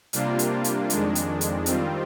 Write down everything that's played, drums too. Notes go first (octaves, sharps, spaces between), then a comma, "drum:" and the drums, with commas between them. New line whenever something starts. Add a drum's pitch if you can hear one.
C3 G3 A#3 D4 F4, drum: hi-hat
drum: hi-hat
drum: hi-hat
F2 D#3 G#3 D4, drum: hi-hat
drum: hi-hat
drum: hi-hat
D#3 G3 C4 F4, drum: hi-hat